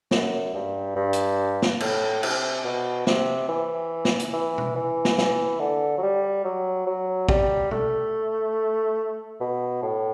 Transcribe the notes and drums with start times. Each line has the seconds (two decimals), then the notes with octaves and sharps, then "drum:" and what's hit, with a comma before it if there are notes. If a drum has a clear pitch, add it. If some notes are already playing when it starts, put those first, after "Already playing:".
0.11 F#2, drum: snare
0.54 G2
0.96 G2
1.13 drum: hi-hat
1.62 drum: snare
1.80 A2, drum: cymbal
2.23 C3, drum: cymbal
2.65 B2
3.07 C3, drum: snare
3.49 E3
4.05 drum: snare
4.19 drum: hi-hat
4.33 E3
4.58 drum: tom
4.76 E3
5.05 drum: snare
5.18 E3, drum: snare
5.60 D3
5.98 F#3
6.02 G3
6.44 F#3
6.87 F#3
7.29 G3, drum: kick
7.71 A3, drum: tom
9.40 B2
9.82 A2